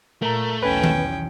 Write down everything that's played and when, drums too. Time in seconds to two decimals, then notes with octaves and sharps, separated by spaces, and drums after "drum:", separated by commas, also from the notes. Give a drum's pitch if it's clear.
0.22 A#2 A3 A#4 A#5
0.63 B1 E2 C#4 B4 G5
0.84 drum: tom D#3